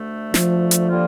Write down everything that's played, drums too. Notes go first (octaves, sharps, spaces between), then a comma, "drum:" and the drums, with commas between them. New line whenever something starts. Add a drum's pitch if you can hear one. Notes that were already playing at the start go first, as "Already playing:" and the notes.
Already playing: D2 D3 A3
F3, drum: snare
drum: hi-hat
D3 G3 A#3 F4